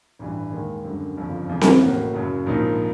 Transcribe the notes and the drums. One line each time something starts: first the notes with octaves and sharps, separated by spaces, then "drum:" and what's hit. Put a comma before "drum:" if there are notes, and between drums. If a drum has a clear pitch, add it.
A1 G2 E3 G3
D#2 D#3 G#3
F#2 D3 G3
G1 F2 C#3 F3
F1 E2 C#3
drum: snare C4
A2 F#3 A#3 C#4 F#4
F#1 F#2 C#3 F#3
A#1 G#2 F3 A#3 D#4